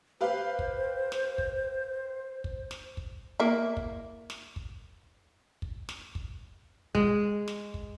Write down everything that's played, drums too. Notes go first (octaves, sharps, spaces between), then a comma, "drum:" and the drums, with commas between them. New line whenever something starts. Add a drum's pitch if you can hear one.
G4 B4 C5 F5
drum: kick
drum: snare
drum: kick
drum: kick
drum: snare
drum: kick
A#3 E4
drum: kick
drum: snare
drum: kick
drum: kick
drum: snare
drum: kick
G#3, drum: kick
drum: snare
drum: kick